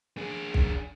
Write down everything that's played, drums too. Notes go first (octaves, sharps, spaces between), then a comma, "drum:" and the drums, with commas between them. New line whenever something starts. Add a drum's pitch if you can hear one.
D4 G#4
drum: kick